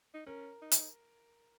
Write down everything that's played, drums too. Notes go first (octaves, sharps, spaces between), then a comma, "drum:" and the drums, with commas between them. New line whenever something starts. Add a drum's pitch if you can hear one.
D#4
C#4 A#4
D#4
drum: hi-hat